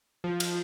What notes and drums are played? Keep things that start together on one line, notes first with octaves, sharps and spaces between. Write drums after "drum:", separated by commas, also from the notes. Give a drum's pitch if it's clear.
F3
drum: cymbal